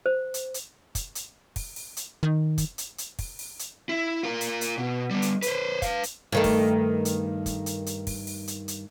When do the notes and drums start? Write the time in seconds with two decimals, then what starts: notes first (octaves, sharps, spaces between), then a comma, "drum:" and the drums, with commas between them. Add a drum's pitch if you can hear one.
0.06 C5
0.34 drum: hi-hat
0.54 drum: hi-hat
0.95 drum: kick, hi-hat
1.15 drum: hi-hat
1.56 drum: kick, open hi-hat
1.76 drum: open hi-hat
1.97 drum: hi-hat
2.23 D#3
2.58 drum: kick, hi-hat
2.78 drum: hi-hat
2.98 drum: hi-hat
3.19 drum: kick, open hi-hat
3.39 drum: open hi-hat
3.59 drum: hi-hat
3.89 E4
4.23 F4 A#4
4.41 drum: hi-hat
4.61 drum: hi-hat
4.78 B2
5.10 G3 B3
5.22 drum: hi-hat
5.42 B4 C5, drum: hi-hat
5.82 B4 F5, drum: kick, hi-hat
6.03 drum: hi-hat
6.32 G2 D#3 A3
6.44 drum: kick, open hi-hat
7.05 drum: hi-hat
7.46 drum: kick, hi-hat
7.66 drum: hi-hat
7.86 drum: hi-hat
8.07 drum: kick, open hi-hat
8.27 drum: open hi-hat
8.47 drum: hi-hat
8.68 drum: hi-hat